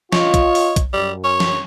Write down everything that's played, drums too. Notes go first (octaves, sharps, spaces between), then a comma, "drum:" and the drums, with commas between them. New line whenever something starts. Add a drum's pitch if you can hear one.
F4 C#5 D#5, drum: snare
drum: kick, hi-hat
drum: open hi-hat
drum: kick, hi-hat
F#2 G3
C#5
drum: snare